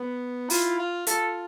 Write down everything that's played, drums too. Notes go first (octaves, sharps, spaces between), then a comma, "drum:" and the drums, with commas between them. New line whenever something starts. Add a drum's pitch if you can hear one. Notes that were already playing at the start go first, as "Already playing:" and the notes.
Already playing: B3
E4 F4, drum: open hi-hat
F4
F4 A4, drum: hi-hat